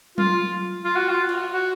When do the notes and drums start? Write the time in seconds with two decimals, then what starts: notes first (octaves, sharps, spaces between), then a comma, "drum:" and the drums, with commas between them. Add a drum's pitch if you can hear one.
0.18 F4, drum: tom F#3
0.84 F4
0.96 F#4
1.09 F4
1.29 drum: cymbal
1.51 F#4